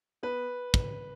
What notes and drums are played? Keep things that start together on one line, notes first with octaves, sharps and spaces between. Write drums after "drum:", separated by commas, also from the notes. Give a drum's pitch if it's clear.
B3 B4
drum: kick